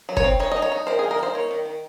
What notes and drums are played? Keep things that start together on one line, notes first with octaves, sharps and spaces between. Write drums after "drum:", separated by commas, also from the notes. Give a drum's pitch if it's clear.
F#3
C#5, drum: kick
C4
D#4 C#5
D#4 D#5
C#5
D#4
D#3 C5
G#4
A#3
A#4
D#4 C5
A#3 C#5
D#3
D#3